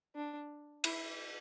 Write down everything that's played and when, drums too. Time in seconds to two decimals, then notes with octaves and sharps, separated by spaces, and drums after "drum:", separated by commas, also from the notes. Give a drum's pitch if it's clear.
0.15 D4
0.84 E4, drum: cymbal